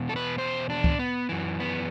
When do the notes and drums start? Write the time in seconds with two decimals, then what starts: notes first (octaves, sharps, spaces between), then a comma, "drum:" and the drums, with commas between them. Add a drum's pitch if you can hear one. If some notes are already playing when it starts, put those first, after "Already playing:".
Already playing: E2 B2
0.09 A4
0.16 B4
0.38 C5
0.70 D4
0.84 drum: kick C#2
0.99 B3
1.29 F#2 E3
1.60 B3